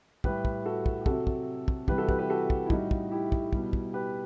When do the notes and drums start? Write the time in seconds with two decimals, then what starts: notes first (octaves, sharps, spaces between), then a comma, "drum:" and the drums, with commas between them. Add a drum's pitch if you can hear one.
0.24 A2 G3 G4 B4, drum: kick
0.45 drum: kick
0.66 F#4 A4
0.86 drum: kick
1.01 G4
1.06 C3 F#3 F#4 A4, drum: kick
1.27 drum: kick
1.68 drum: kick
1.88 C3 E3 G3 G4 B4, drum: kick
1.98 F#4 A4
2.09 G4 B4, drum: kick
2.19 G4 B4
2.30 F#4 A4
2.50 drum: kick
2.66 E4
2.70 A2 G3 D#4 F#4, drum: kick
2.91 drum: kick
3.11 E4 G4
3.32 drum: kick
3.53 B2 G3, drum: kick
3.73 drum: kick
3.94 G4 B4